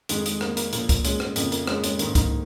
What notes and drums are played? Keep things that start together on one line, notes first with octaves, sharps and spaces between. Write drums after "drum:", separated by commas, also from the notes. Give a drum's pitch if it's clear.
F2 D#3 G#3, drum: hi-hat
G#3, drum: hi-hat
A#3, drum: rim click
A#3, drum: hi-hat
A#2 F3 A#3, drum: hi-hat
A#3, drum: kick C#2, hi-hat
G#3 C#4, drum: hi-hat
G#3 C#4, drum: rim click
F2 C#3 F3 A#3, drum: hi-hat
A#3, drum: hi-hat
G#3 C#4, drum: rim click
G#3 C#4, drum: hi-hat
G#2 D#3 A#3 D#4, drum: hi-hat
A#3 D#4, drum: kick C#2, hi-hat